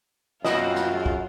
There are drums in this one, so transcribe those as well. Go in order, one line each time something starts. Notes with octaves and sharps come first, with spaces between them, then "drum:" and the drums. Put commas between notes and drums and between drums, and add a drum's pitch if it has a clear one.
F#2 A#2 C4 F4 F#4 D#5, drum: snare
drum: snare
G#3
drum: kick